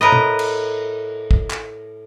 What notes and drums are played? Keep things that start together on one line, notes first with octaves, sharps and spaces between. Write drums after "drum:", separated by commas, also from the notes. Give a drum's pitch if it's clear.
A2 A#4 B4 D#5
drum: tom
drum: cymbal
drum: kick
drum: clap